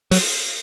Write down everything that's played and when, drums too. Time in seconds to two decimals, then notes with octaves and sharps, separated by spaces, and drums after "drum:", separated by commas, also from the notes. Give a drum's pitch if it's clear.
0.11 F#3, drum: open hi-hat